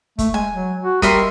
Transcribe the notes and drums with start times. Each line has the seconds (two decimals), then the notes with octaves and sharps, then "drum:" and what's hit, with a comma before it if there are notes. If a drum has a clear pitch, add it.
0.19 A3, drum: kick, hi-hat
0.34 G#3 G#5
0.52 F#3
0.83 F#4
1.02 G3 A#4 D#5 E5 C6, drum: kick, hi-hat